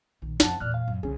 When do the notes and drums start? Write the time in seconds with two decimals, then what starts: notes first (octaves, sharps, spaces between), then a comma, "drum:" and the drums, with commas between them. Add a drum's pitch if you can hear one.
0.22 A#1 D#3
0.40 F2 C#3 F#5 A5, drum: snare
0.60 E2 A#2 D5 F6 F#6
0.74 F5
0.88 F#2
1.03 C2 D3 C#4 G#4